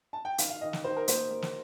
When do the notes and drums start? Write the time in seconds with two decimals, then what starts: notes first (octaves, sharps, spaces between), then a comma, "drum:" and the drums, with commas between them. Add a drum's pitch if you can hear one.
0.13 A5
0.25 G5
0.38 D#3 F5, drum: hi-hat
0.50 F5
0.61 D#3 D#5
0.73 drum: snare
0.84 D#3 C5
0.97 A#4
1.08 A#3 C5, drum: hi-hat
1.31 A#3
1.42 drum: snare